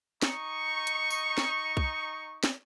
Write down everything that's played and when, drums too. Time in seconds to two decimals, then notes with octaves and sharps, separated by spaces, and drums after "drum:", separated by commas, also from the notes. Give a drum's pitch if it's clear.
0.22 D#4 C#6, drum: snare
0.87 drum: hi-hat
1.11 drum: tambourine
1.38 drum: snare
1.77 drum: kick B1
2.44 drum: snare